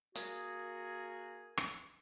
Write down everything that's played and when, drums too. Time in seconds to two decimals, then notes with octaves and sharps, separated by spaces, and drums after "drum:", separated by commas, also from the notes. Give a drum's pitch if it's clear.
0.15 A#3 F#4 G#4, drum: hi-hat
1.57 drum: rim click